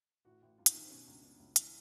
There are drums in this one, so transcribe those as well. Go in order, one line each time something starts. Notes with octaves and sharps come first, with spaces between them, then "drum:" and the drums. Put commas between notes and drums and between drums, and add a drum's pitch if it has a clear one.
A1 F#4
A1
G2 F4
D#4, drum: hi-hat
D#3 D4
C4
B2 C#4
C#2 D4
B2 D4
C#2
E3, drum: hi-hat